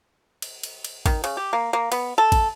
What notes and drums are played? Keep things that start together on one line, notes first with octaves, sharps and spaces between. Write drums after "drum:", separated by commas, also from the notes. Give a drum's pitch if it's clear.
drum: cymbal
drum: cymbal
drum: cymbal
D#3, drum: kick A1, cymbal
C#3, drum: cymbal
G4
A#3
A#3
B3, drum: cymbal
A4
drum: kick A1, cymbal